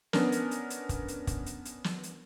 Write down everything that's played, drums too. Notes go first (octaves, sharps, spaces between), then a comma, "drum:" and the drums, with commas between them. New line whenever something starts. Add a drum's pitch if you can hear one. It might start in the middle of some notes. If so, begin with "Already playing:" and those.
B3 C#4 D4 A#4, drum: snare
drum: hi-hat
drum: hi-hat
drum: hi-hat
drum: kick, hi-hat
drum: hi-hat
drum: kick, hi-hat
drum: hi-hat
drum: hi-hat
drum: snare
drum: hi-hat